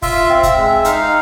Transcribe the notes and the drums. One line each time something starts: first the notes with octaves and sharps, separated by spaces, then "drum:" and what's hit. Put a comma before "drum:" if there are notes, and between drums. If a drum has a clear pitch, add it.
F4 E5, drum: kick, open hi-hat
C4
drum: kick, hi-hat
G#3
D#4 F5, drum: hi-hat